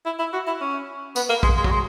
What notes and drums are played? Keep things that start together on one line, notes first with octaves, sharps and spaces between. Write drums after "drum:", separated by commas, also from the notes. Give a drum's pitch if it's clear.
E4
E4
F#4
E4
C#4
B3, drum: tambourine
A#3
G#3, drum: kick
G#3
F#3, drum: kick
G#3